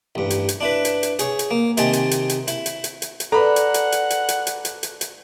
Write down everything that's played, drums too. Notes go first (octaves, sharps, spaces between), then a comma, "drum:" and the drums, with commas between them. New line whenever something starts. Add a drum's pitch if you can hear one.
A1 G2
drum: hi-hat
drum: hi-hat
D4 E4 B4
drum: hi-hat
drum: hi-hat
G#4 C#5, drum: hi-hat
drum: hi-hat
A#3
C3 D#3 C4 D#5 G#5 A5, drum: hi-hat
drum: hi-hat
drum: hi-hat
drum: hi-hat
E4, drum: hi-hat
drum: hi-hat
drum: hi-hat
drum: hi-hat
drum: hi-hat
D4 A4 B4 F#5 A#5 B5
drum: hi-hat
drum: hi-hat
drum: hi-hat
drum: hi-hat
drum: hi-hat
drum: hi-hat
drum: hi-hat
drum: hi-hat
drum: hi-hat